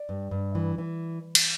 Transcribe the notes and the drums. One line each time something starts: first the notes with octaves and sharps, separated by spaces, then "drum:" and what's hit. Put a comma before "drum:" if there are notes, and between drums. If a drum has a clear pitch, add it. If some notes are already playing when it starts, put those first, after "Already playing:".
Already playing: D5
G2
G2
E3
E3
drum: cymbal